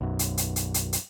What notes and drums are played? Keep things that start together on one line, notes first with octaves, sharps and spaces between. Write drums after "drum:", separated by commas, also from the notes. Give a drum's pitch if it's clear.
B1 F#2
drum: hi-hat
drum: hi-hat
drum: hi-hat
drum: hi-hat
drum: hi-hat